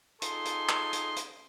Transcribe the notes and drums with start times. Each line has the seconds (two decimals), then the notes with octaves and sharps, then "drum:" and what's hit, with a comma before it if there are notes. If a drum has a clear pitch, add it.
0.22 D#4 F4 G#4 A4 C6, drum: hi-hat
0.45 drum: hi-hat
0.69 drum: clap
0.93 drum: hi-hat
1.16 drum: hi-hat